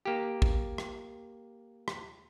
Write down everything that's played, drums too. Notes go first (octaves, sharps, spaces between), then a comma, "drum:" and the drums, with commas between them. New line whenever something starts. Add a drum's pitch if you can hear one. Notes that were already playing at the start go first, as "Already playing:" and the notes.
A#3 G4
drum: kick
drum: rim click
drum: rim click